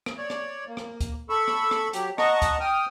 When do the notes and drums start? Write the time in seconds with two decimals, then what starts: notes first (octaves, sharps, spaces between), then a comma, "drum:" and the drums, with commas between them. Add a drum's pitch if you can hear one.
0.06 drum: rim click
0.17 C#5 D5
0.30 drum: rim click
0.68 A#3
0.77 drum: rim click
1.01 drum: kick D2, hi-hat
1.29 A4 B5 C#6 E6
1.48 drum: rim click
1.71 drum: rim click
1.93 F#3 G4, drum: hi-hat
2.18 D#5 F#5 A5 A#5 C#6, drum: rim click
2.42 drum: kick D2, hi-hat
2.60 G5 D#6 F6